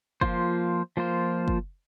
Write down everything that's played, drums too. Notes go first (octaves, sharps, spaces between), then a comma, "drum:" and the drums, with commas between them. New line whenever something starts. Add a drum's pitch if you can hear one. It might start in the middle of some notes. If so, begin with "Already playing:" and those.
F3 A#3 F4 C5, drum: kick
F3 A#3 F4 C5
drum: kick